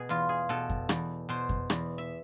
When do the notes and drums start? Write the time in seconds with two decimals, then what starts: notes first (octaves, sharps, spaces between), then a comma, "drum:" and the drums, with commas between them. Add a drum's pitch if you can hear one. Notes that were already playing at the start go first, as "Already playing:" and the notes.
Already playing: B2 G#4
0.09 E2 F4
0.29 G#4
0.49 B2 A4
0.70 drum: kick F2
0.89 E2, drum: rim click
1.29 B2 C5
1.49 drum: kick F2
1.70 E2, drum: rim click
1.98 E5